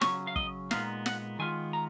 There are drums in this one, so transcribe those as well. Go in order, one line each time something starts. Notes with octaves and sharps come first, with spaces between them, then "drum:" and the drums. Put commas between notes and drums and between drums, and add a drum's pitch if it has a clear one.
C#3 F#3 C#4 C#5, drum: snare
F5
D#5, drum: kick
A#2 G#3 B3 D#4 F5, drum: snare
F#5, drum: snare
D#3 G#3 B3 F4 G#5
A#5